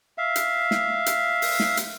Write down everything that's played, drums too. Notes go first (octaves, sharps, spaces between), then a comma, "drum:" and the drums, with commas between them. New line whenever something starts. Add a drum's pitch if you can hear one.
E5 F5
drum: hi-hat
drum: snare
drum: hi-hat
drum: open hi-hat
drum: snare
drum: hi-hat